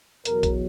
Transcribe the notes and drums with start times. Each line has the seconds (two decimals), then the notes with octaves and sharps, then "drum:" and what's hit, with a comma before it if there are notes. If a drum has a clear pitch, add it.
0.25 E2 B2 F#3 A#4, drum: hi-hat
0.43 drum: kick, hi-hat